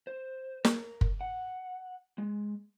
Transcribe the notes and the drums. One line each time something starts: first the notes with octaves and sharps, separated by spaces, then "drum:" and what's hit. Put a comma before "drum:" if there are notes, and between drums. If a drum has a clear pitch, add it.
C5
A#4, drum: snare
drum: kick
F#5
G#3